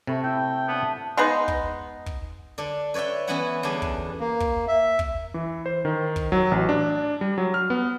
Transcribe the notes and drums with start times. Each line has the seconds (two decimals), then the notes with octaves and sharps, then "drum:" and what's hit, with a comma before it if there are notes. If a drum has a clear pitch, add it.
0.07 C3 A3 B5 C#6
0.24 E4 G5 E6
0.68 B3 D4 A5
1.17 G#3 B3 D#4
1.48 drum: kick
2.06 drum: kick
2.58 D3 D4
2.94 B4 C#5 D5 E5 G5
3.27 E3 B3 C#4 E4 B4 F#5
3.63 E2 D3 G3 D4 G#5
3.82 drum: kick
4.19 A#3
4.40 drum: kick
4.68 E5
4.99 drum: kick
5.34 E3
5.66 C5
5.85 D#3
6.16 drum: kick
6.32 F#3
6.51 A1
6.69 D4
7.21 G3
7.38 F#3
7.54 F6
7.70 B3